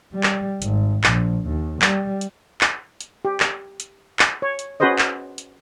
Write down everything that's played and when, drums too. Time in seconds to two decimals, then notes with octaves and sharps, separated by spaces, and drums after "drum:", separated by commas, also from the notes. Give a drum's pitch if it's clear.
0.13 G3
0.23 drum: clap
0.62 G#1, drum: hi-hat
1.04 A#1, drum: clap
1.47 D#2
1.82 G3, drum: clap
2.21 drum: hi-hat
2.61 drum: clap
3.01 drum: hi-hat
3.25 G4
3.40 drum: clap
3.80 drum: hi-hat
4.19 drum: clap
4.42 C#5
4.59 drum: hi-hat
4.80 C#4 F#4 G#4 B4 C5 D#5
4.98 drum: clap
5.38 drum: hi-hat